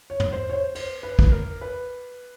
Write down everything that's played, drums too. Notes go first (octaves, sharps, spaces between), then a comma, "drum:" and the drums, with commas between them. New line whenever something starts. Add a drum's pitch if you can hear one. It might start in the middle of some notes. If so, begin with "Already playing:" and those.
C#5
drum: tom
C5
C#5
C5
C5, drum: cymbal
B4
drum: kick
A#4
B4